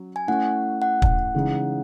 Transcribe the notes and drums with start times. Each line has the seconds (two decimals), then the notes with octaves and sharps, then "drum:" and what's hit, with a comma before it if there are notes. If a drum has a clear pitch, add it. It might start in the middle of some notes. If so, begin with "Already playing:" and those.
Already playing: F#3 C#4
0.16 G#5
0.28 A3 C#4 E4 F#5
0.82 F#5
1.02 drum: kick
1.35 C#3 E3 G#3 D#4